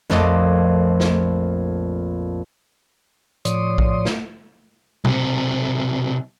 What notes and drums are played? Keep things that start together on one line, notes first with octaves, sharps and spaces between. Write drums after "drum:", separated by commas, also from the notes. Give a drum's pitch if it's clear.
A#1 F2 A3 D#5 D6, drum: snare
drum: snare
A2 F3 C#5 D5 C6 D#6, drum: hi-hat
drum: kick A#1
drum: snare
B1 C3, drum: tom B2